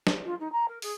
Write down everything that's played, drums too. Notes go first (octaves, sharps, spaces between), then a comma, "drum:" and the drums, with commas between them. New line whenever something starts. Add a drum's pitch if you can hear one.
drum: snare
F4
D#4
A#5
A#4
G#4, drum: open hi-hat